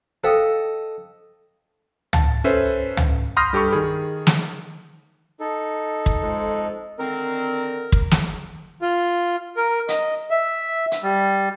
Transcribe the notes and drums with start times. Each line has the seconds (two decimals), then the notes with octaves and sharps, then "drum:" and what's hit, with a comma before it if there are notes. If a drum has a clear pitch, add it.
0.24 A4 C5 D#5 F5 G5
2.13 A5, drum: tom C#2
2.44 C#4 A4 B4 C5 E5
2.97 drum: tom C#2
3.37 B5 C6 D#6 F6 G6 A#6
3.53 G2 G4 A4 B5 C#6
3.73 D#3 G#4
4.27 drum: snare
5.40 D#4 A4
6.06 drum: kick
6.22 F2 G#3
6.99 D3 D#3 C4 A#4
7.92 drum: kick
8.11 drum: snare
8.82 F4
9.57 A#4
9.88 D#5, drum: hi-hat
10.31 E5
10.92 drum: hi-hat
11.03 G3